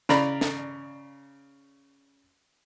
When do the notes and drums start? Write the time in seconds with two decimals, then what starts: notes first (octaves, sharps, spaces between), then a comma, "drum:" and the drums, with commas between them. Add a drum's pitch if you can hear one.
0.09 C#3 D5 A#5 B5, drum: snare
0.41 drum: snare